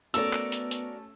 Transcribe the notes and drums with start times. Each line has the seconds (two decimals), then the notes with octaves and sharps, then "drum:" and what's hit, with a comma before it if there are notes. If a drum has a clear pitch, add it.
0.14 A3 B3 C#4 F#4 A4 A#4 D5 E6, drum: hi-hat
0.33 drum: clap
0.52 drum: hi-hat
0.71 drum: hi-hat